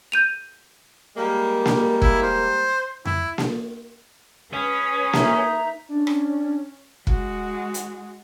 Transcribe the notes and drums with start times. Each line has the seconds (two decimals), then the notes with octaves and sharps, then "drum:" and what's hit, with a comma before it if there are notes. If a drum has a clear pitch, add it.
0.12 G6 D#7 F7
1.16 G3 G#3 A#3
1.66 drum: snare A#3
2.02 E4, drum: kick
2.23 C5
3.05 E4, drum: tom F2
3.38 drum: snare A#3
4.53 C#4 G#4 B4
5.13 D#4 E5 A#5, drum: snare A#3
5.89 C#4 D4
6.07 drum: rim click
7.07 G#3 F#4, drum: kick
7.74 drum: hi-hat